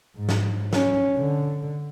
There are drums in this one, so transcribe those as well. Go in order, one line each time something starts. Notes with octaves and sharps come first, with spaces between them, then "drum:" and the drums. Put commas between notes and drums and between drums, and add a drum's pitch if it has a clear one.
G#2
drum: snare
C#4, drum: snare
D3